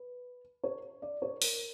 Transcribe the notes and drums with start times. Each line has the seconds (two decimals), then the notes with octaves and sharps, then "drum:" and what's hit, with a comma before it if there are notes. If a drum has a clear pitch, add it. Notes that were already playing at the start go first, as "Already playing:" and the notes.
Already playing: B4
0.64 C#5
1.02 D5
1.22 C#5
1.42 A#4, drum: open hi-hat